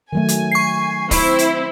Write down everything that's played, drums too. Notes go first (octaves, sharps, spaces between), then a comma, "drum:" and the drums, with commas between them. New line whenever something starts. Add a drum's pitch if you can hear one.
D#3 F#3 A3 G#5
drum: hi-hat
C#6 C7
C4 E4 C5, drum: kick, open hi-hat
drum: hi-hat